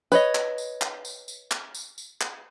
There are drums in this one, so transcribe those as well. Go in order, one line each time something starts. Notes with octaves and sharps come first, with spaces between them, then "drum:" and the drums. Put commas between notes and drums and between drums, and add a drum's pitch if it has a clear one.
B4 C#5 D#5, drum: tambourine
drum: clap
drum: tambourine
drum: clap
drum: tambourine
drum: tambourine
drum: clap
drum: tambourine
drum: tambourine
drum: clap